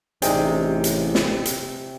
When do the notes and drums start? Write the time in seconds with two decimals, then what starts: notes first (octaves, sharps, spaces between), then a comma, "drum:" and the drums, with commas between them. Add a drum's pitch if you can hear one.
0.22 A1 C3 D#4 G#4 D5, drum: hi-hat
0.84 drum: hi-hat
1.15 drum: snare
1.45 drum: hi-hat